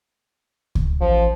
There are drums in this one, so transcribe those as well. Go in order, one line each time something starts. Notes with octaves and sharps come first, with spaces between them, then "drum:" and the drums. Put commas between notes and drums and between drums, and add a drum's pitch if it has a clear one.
drum: kick C#2
A1 F3